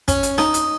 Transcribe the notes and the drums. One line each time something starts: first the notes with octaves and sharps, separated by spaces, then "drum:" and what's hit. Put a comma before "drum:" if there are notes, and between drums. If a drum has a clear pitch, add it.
C#4, drum: kick, hi-hat
drum: hi-hat
D#4, drum: rim click
drum: hi-hat